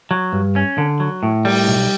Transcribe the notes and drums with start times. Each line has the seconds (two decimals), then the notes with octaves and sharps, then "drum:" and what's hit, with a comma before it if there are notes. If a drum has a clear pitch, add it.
0.11 F#3
0.33 G2
0.56 C#4
0.78 D3
1.00 F#3
1.23 A2
1.45 G3, drum: cymbal
1.68 B1